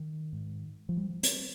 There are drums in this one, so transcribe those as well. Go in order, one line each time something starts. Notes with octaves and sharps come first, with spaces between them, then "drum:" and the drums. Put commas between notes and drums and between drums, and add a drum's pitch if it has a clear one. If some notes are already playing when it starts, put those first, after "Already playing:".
Already playing: D#3
G#2
F3
G3
drum: hi-hat